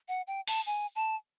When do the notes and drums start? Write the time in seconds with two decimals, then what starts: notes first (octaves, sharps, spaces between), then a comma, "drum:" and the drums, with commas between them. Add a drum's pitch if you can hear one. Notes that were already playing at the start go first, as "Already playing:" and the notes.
0.08 F#5
0.27 G5
0.47 A5, drum: open hi-hat
0.66 G#5
0.96 A5